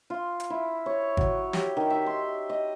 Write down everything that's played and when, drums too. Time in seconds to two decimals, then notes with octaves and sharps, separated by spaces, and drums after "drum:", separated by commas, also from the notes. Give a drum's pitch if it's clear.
0.10 F4
0.40 drum: hi-hat
0.50 E4
0.86 C#5
1.17 F#3, drum: kick G#1
1.53 G4, drum: snare
1.77 D#3
1.90 E5
2.06 C6
2.50 D#5